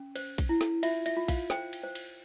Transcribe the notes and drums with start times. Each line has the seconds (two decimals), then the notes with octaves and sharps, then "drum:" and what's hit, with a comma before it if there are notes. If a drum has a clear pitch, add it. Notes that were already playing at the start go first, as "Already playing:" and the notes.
Already playing: C#4
0.16 C5, drum: cymbal
0.38 drum: kick A#1, cymbal
0.49 E4
0.61 drum: snare
0.83 F4 E5, drum: cymbal
1.06 E5, drum: cymbal
1.17 F4
1.28 F5, drum: kick A#1, cymbal
1.50 C5 G5, drum: snare
1.73 drum: cymbal
1.84 C5
1.95 drum: cymbal